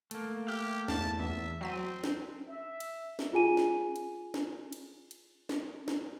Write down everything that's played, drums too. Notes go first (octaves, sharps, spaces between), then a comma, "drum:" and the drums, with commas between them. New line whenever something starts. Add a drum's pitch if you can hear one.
A3 A#3, drum: cymbal
G4 E5 F6
E2 A5, drum: snare
E2 E5
F#3 C4 B6 D#7
drum: snare
E5
drum: cymbal
drum: snare
F4 G#4 G#5 D#7
drum: snare
drum: cymbal
drum: snare
drum: cymbal
drum: cymbal
drum: snare
drum: snare